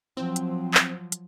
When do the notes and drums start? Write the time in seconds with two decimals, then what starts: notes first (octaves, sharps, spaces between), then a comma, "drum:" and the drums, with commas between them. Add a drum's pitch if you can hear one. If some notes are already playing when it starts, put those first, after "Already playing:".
0.17 F3 F#3 C4
0.36 drum: hi-hat
0.74 drum: clap
1.12 drum: hi-hat